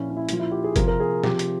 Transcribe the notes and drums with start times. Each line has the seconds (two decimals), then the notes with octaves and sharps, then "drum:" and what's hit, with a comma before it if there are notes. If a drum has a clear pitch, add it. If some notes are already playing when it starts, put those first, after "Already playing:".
Already playing: A#2 F3 C#4 E4
0.10 C#4
0.17 E4
0.29 A#2 F3 F4, drum: hi-hat
0.39 E4
0.52 G4
0.64 G#4
0.76 C3 F3 A#4, drum: kick G1, hi-hat
0.88 A#4
1.00 G#4
1.24 C3 F3 G4, drum: snare
1.39 drum: hi-hat